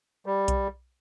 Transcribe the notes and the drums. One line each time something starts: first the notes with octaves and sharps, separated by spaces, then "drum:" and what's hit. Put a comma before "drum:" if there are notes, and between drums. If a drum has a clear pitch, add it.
G3
drum: kick B1, hi-hat